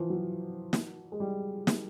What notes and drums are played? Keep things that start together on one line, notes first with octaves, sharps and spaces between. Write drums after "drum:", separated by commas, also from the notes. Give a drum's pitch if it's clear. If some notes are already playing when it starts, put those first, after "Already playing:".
Already playing: E3 F3
F#3
drum: snare
G#3
G3
drum: snare